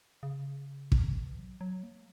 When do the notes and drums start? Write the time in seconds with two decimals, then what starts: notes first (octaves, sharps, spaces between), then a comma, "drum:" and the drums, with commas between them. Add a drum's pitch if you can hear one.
0.23 C#3
0.92 D#3, drum: kick
1.15 E3
1.38 F#3
1.61 F#3
1.83 A#3